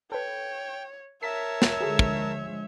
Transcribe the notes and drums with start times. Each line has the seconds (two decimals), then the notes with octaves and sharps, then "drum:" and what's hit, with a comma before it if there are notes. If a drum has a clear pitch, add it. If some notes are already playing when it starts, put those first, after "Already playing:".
0.12 A4 B4 C#5 G5
1.23 A#4 C#5 E5 A5 B6
1.62 drum: snare
1.81 D3 F3 G#3 F#4 G#4 A4
1.99 drum: kick